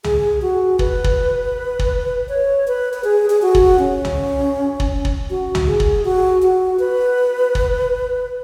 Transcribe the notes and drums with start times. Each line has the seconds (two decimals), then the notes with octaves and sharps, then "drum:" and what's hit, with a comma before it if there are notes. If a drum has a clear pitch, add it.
0.04 G#4, drum: tom C2
0.42 F#4
0.79 B4, drum: kick
1.04 drum: kick
1.79 drum: kick
2.29 C#5
2.68 B4
2.94 B4
3.04 G#4
3.30 G#4
3.42 F#4
3.55 drum: kick
3.79 C#4
4.05 drum: tom C2
4.80 drum: kick
5.05 drum: kick
5.30 F#4
5.55 drum: tom C2
5.67 G#4
5.80 drum: kick
6.05 F#4
6.42 F#4
6.79 B4
7.55 drum: kick